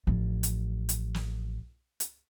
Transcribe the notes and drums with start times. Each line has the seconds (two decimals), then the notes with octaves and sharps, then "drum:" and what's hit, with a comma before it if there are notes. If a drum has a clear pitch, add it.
0.07 A1 F3
0.43 drum: hi-hat
0.89 drum: hi-hat
1.14 drum: snare
2.00 drum: hi-hat